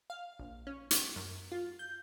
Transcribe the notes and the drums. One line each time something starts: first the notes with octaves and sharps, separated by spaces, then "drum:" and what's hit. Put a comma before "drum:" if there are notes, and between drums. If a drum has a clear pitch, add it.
F5
A#1
C#4
drum: hi-hat
F#2
F4
G6